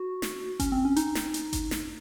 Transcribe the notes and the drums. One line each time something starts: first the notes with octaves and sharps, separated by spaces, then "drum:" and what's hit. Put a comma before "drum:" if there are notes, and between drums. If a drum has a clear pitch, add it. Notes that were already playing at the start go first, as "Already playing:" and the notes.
Already playing: F#4
drum: snare
C#4, drum: kick G1, hi-hat
C4
C#4
D#4, drum: hi-hat
drum: snare
drum: hi-hat
drum: kick G1, hi-hat
drum: snare